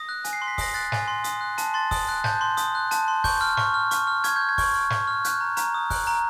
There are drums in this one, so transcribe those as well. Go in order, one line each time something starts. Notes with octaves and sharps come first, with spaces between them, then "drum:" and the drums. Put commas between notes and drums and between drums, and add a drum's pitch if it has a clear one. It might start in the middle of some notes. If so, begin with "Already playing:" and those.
Already playing: D#6 A#6
F#6
G#5, drum: hi-hat
C7
C6
B6
D#6 A#6, drum: kick, open hi-hat
F#6 A6
G#5, drum: snare
C6
D#6, drum: hi-hat
F#6
A5, drum: hi-hat
C6 A6
D#6, drum: kick, open hi-hat
F#6
A5 G6, drum: snare
C6
D#6, drum: hi-hat
F#6
A5, drum: hi-hat
C6
C#6 G6, drum: kick, open hi-hat
F6
C#6, drum: snare
F6
C#6, drum: hi-hat
F6
C#6 G#6, drum: hi-hat
G6
F6
G#6
C#6, drum: kick, open hi-hat
F6
C#6, drum: snare
F6
F#6 G6, drum: hi-hat
A#5
A#5, drum: hi-hat
D#6
F#6, drum: kick, open hi-hat
A#5